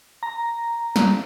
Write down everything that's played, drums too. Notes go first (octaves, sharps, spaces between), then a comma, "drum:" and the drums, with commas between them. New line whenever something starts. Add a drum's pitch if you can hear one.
A#5
drum: snare